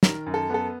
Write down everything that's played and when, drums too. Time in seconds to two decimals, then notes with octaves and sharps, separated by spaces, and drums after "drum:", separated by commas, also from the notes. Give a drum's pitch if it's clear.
0.03 D#3 A#4, drum: snare
0.26 F#2
0.34 A4
0.50 B3 A4